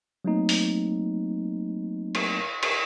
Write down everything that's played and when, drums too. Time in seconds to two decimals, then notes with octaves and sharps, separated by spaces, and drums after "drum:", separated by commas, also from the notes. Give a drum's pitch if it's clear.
0.25 F#3 A3 A#3 C4 D#4
0.49 drum: open hi-hat
2.15 drum: cymbal
2.63 drum: cymbal